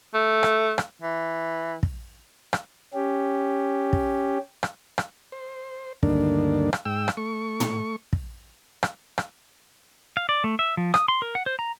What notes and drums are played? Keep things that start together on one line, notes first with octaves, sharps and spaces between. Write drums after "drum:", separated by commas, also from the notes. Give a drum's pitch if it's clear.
A3
drum: rim click
drum: rim click
E3
drum: kick
drum: rim click
C#4 G4
drum: kick
drum: rim click
drum: rim click
C5
D2 G2 D3 D#3 A#3 D4, drum: kick
drum: rim click
G#2 G5 E6
drum: rim click
A3 C#6
drum: tom
drum: kick
drum: rim click
drum: rim click
F5
D5
A3
E5
F3
D#6, drum: rim click
C6
A#4
F#5
C5
A#5